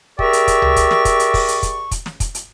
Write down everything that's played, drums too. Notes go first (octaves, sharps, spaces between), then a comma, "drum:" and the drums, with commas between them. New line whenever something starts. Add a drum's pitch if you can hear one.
G4 G#4 A#4 D5 E5 C#6, drum: kick
drum: hi-hat
drum: kick, hi-hat
drum: tom C#2
drum: kick, hi-hat
drum: snare
drum: kick, hi-hat
drum: hi-hat
drum: kick, open hi-hat
drum: hi-hat
drum: kick, hi-hat
drum: kick, hi-hat
drum: snare
drum: kick, hi-hat
drum: hi-hat